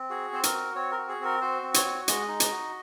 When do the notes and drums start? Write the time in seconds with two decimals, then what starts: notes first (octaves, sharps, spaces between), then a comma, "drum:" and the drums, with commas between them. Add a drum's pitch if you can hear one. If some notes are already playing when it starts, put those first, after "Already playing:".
Already playing: C4
0.10 F#4 G#4
0.33 C4 C5
0.43 A#4, drum: hi-hat
0.54 F#4
0.75 C4 C#5
0.92 A#4
0.98 F#4
1.09 G#4
1.20 C4 A#4
1.41 F#4 C5
1.63 C4
1.74 C#5, drum: hi-hat
1.85 F#4
2.08 G#3 D#5, drum: hi-hat
2.28 D#4
2.40 drum: hi-hat
2.51 F#4